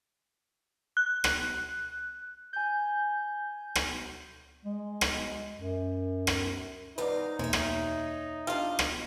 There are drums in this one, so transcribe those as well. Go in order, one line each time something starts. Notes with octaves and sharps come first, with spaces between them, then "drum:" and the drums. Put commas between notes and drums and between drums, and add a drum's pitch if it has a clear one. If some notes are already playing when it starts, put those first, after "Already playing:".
F#6
drum: rim click
G#5 G6
drum: rim click
G#3
drum: rim click
F#2
drum: rim click
E2 G#2 D#4 B4 D5 F5
E2 B2 G#3 A#3 C#5 E5
drum: rim click
D4 F4 G4 D#5 F5
drum: rim click